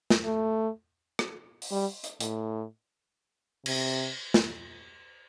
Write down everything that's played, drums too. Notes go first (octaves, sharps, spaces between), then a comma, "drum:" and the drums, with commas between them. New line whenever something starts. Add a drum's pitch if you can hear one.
drum: snare
A3
drum: rim click
drum: open hi-hat
G3
drum: hi-hat
A2, drum: hi-hat
C3, drum: cymbal
drum: snare